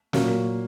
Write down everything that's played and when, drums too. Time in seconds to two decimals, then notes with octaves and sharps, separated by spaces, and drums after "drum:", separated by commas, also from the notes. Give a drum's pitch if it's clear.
0.13 A#2 F#3 A#3 C#4, drum: snare